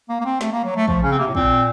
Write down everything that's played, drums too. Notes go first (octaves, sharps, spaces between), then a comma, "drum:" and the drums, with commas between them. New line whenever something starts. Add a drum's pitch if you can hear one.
A#3
A#3
C4
A3, drum: snare
A#3
F#3
A3
F3 A3, drum: kick
C#3 C#4
C4
C3 A#3
A2
A#2 C4, drum: kick